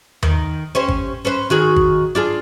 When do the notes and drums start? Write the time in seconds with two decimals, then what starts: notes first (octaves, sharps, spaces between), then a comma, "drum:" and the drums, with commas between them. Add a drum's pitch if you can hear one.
0.23 D#3, drum: tom D#2
0.75 C#4 G4 C5
0.88 drum: kick G#1
1.25 C#4 B4 C5
1.50 D#3 F#4 G#4
1.76 drum: kick G#1
2.15 D4 F4 G#4